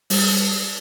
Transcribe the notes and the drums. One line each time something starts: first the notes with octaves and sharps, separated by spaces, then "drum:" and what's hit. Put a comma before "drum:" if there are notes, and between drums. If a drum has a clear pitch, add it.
G3, drum: open hi-hat